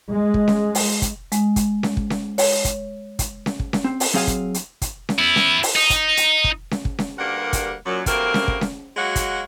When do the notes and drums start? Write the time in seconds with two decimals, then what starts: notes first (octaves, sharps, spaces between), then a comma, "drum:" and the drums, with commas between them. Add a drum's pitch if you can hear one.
0.13 G#3
0.34 drum: kick
0.48 drum: snare C#4
0.75 drum: open hi-hat
1.02 drum: kick, hi-hat
1.32 G#3, drum: hi-hat
1.56 drum: kick, hi-hat
1.83 drum: snare C#4
1.97 drum: kick
2.10 drum: snare C#4
2.38 C#5, drum: open hi-hat
2.65 drum: kick, hi-hat
3.19 drum: kick, hi-hat
3.46 drum: snare C#4
3.59 drum: kick
3.73 drum: snare C#4
3.84 C4
4.00 drum: open hi-hat
4.14 F#3 C4 G#4 F5 G#5
4.27 drum: kick, hi-hat
4.54 drum: hi-hat
4.82 drum: kick, hi-hat
5.09 drum: snare C#4
5.19 B3 E4
5.36 drum: snare C#4
5.63 drum: open hi-hat
5.75 D#4
5.90 drum: kick, hi-hat
6.17 drum: hi-hat
6.44 drum: kick
6.71 drum: snare C#4
6.85 drum: kick
6.99 drum: snare C#4
7.18 D2 G2 G3 A#3 A#4 F#5
7.53 drum: kick, hi-hat
7.86 F#2 A#2 F#3
8.06 G2 F#3 A3 A#3 C4 A#4, drum: kick, hi-hat
8.34 drum: snare C#4
8.48 drum: kick
8.61 drum: snare C#4
8.96 F#3 G#3 A#3 F#4 F#5
9.16 drum: kick, hi-hat